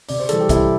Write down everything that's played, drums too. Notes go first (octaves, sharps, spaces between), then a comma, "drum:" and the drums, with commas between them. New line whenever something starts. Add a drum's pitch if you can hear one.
C3 D5, drum: open hi-hat
C5
E3 G3 A4, drum: hi-hat
G4
C3 E4, drum: kick C2, hi-hat